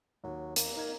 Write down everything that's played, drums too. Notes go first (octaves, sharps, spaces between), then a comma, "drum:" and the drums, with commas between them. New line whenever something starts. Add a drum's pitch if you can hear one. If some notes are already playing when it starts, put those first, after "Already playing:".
D#2 F#3
A#3, drum: hi-hat
D#4 A#4 G#6